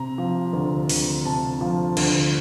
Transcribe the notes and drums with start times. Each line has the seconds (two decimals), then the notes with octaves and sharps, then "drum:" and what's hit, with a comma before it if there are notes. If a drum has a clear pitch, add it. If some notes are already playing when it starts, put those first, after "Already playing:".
Already playing: C3 A#5
0.18 F3
0.53 D2
0.89 D2, drum: open hi-hat
1.25 C3 A5
1.61 F3
1.97 D2, drum: cymbal